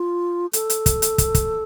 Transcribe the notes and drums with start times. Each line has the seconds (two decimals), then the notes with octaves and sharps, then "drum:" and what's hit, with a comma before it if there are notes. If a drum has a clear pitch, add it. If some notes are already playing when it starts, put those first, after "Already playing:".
Already playing: F4
0.53 A4, drum: hi-hat
0.70 drum: hi-hat
0.86 drum: kick, hi-hat
1.02 drum: hi-hat
1.18 drum: kick, hi-hat
1.35 drum: kick, hi-hat